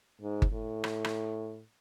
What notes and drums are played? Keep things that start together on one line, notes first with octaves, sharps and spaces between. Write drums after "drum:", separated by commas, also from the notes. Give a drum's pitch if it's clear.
G#2
drum: kick G1
A2
drum: rim click
drum: rim click